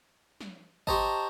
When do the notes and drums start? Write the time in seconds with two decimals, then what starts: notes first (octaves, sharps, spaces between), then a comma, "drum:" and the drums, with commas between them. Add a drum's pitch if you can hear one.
0.41 drum: snare
0.87 G4 C5 D#5 A5 A#5 C#6, drum: kick G#1